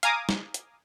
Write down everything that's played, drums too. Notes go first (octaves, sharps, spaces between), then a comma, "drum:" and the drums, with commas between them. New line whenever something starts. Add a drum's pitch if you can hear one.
F5 G#5 A#5 D6 D#6, drum: hi-hat
drum: snare
drum: hi-hat